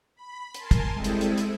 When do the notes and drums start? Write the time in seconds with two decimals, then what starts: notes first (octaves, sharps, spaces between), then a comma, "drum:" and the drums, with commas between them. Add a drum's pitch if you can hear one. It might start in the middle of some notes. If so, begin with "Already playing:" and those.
0.15 B5
0.54 A#4 G#5 A5 C6, drum: hi-hat
0.71 drum: kick, hi-hat
0.92 G3 G#3 C4 E4 G#4 A4
1.04 drum: hi-hat
1.21 drum: hi-hat
1.38 drum: hi-hat